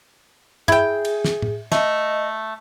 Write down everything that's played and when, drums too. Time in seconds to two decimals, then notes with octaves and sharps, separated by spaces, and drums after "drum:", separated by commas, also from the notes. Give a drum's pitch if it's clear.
0.68 E4 G#4 G5, drum: tom G2
1.05 drum: cymbal
1.24 drum: snare
1.42 drum: tom A2
1.72 A3 D#5, drum: snare